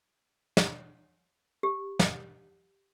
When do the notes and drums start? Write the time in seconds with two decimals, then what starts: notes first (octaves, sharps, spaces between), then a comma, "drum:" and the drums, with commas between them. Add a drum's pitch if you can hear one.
0.57 drum: snare
1.63 G4
1.99 drum: snare